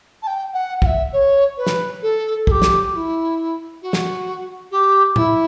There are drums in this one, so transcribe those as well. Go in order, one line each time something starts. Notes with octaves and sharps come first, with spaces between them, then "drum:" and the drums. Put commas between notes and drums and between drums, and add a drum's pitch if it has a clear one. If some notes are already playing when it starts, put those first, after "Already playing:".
A5
G5
F#5
F#5, drum: kick
E5
C#5
B4
drum: snare
A4
A4, drum: kick
G4
drum: snare
F#4
E4
F#4
drum: snare
G4
E4, drum: tom A2